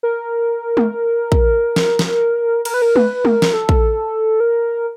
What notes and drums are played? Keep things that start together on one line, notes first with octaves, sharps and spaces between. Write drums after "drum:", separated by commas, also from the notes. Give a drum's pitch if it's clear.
A#4
drum: tom G#3
drum: kick
drum: snare
drum: snare
A#4, drum: cymbal
B4
A#4
B4, drum: tom G#3
A#4, drum: tom G#3
drum: snare
A4
drum: kick
A#4